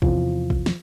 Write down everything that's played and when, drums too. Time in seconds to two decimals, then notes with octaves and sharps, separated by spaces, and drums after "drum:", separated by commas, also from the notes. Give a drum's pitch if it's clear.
0.02 E2 C3 E3 F3, drum: kick
0.50 drum: kick
0.66 drum: snare